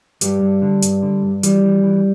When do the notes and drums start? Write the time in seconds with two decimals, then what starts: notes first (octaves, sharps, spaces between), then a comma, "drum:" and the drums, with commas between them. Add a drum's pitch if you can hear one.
0.21 G2 G3, drum: hi-hat
0.42 G2
0.62 D3
0.82 G2, drum: hi-hat
1.03 D3
1.22 G2
1.43 E3 G3, drum: hi-hat
1.64 E3
1.83 E3